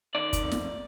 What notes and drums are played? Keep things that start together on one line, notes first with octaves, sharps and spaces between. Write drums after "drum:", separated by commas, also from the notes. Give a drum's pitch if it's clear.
D#3 D5
drum: kick, hi-hat
F2
drum: snare